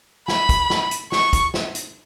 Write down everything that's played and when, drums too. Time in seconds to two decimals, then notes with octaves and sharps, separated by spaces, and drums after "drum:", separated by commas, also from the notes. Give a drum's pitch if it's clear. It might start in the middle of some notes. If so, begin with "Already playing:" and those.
0.28 B5, drum: snare
0.49 drum: kick, hi-hat
0.70 drum: snare
0.91 drum: hi-hat
1.12 C#6, drum: snare
1.33 drum: kick, hi-hat
1.54 drum: snare
1.75 drum: hi-hat